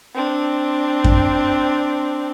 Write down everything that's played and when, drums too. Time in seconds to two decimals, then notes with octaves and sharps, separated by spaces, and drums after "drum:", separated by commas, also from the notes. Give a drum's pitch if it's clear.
0.14 C4 D4
1.04 drum: kick F#2